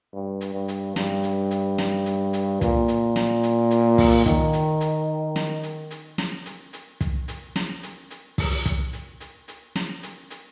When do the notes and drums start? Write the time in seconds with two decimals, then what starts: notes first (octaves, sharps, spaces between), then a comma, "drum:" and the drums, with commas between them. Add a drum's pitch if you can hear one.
0.14 G2
0.41 drum: hi-hat
0.54 G2
0.68 drum: hi-hat
0.96 G2, drum: snare
1.23 drum: hi-hat
1.51 drum: hi-hat
1.78 drum: snare
2.06 drum: hi-hat
2.33 drum: hi-hat
2.61 A#2, drum: kick, hi-hat
2.88 drum: hi-hat
3.16 drum: snare
3.43 drum: hi-hat
3.71 drum: hi-hat
3.98 drum: kick, open hi-hat
4.26 D#3, drum: kick, hi-hat
4.53 drum: hi-hat
4.81 drum: hi-hat
5.36 drum: snare
5.63 drum: hi-hat
5.91 drum: hi-hat
6.18 drum: snare
6.46 drum: hi-hat
6.73 drum: hi-hat
7.01 drum: kick, hi-hat
7.28 drum: hi-hat
7.56 drum: snare
7.83 drum: hi-hat
8.11 drum: hi-hat
8.38 drum: kick, open hi-hat
8.66 drum: kick, hi-hat
8.93 drum: hi-hat
9.21 drum: hi-hat
9.48 drum: hi-hat
9.75 drum: snare
10.03 drum: hi-hat
10.30 drum: hi-hat